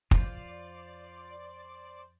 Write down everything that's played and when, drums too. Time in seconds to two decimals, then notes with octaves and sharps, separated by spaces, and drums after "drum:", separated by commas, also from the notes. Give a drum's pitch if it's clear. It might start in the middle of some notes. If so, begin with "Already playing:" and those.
0.11 F2 F3 F4 C5 D5, drum: kick